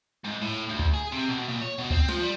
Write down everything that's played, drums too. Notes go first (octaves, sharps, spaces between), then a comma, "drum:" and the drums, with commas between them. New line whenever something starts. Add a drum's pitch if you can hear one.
G#2
A2
D2
drum: kick C#2
G#4
C3
B2
A#2
C#5
B2
C4, drum: kick C#2
F3, drum: snare
G3